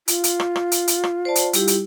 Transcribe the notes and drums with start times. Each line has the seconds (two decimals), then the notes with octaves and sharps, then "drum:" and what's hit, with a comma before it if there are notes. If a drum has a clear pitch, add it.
0.08 F4, drum: hi-hat
0.24 drum: hi-hat
0.40 drum: rim click
0.56 drum: rim click
0.72 drum: hi-hat
0.88 drum: hi-hat
1.04 drum: rim click
1.25 C5 D5 A5
1.35 drum: hi-hat
1.53 G3 E4 G4, drum: hi-hat
1.67 drum: hi-hat